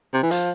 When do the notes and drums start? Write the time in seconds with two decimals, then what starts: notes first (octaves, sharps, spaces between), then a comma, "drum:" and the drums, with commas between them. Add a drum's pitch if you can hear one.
0.13 C3
0.23 E3
0.31 F3, drum: hi-hat